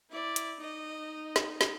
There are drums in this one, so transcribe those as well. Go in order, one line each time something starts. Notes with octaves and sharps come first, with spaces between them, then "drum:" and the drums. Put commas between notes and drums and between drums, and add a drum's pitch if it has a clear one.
E4 D5
drum: hi-hat
D#4 D#5
drum: snare
drum: snare